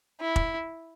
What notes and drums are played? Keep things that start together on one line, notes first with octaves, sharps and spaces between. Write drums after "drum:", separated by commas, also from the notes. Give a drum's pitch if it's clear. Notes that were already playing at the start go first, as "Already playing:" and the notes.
E4
drum: kick F1